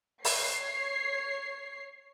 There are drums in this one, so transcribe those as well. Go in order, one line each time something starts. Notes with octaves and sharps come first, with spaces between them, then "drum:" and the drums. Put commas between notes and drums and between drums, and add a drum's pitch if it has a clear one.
C#5 C7, drum: open hi-hat